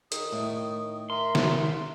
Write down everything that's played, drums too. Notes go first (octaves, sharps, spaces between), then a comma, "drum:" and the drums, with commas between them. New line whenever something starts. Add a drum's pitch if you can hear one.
D#3 D#6, drum: hi-hat
A2
A#4 E5 C6
drum: snare